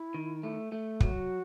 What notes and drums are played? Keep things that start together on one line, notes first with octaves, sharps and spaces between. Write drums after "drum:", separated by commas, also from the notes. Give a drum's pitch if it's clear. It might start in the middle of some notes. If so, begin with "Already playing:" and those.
Already playing: E4
D#3
A3
A3
F#3 F#4, drum: kick